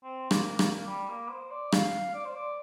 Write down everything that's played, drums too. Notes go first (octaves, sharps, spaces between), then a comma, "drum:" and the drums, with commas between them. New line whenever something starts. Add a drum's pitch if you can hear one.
C4
A#3, drum: rim click
A#3, drum: rim click
G3
A#3
C5
D5
F5, drum: rim click
D5
C5
D5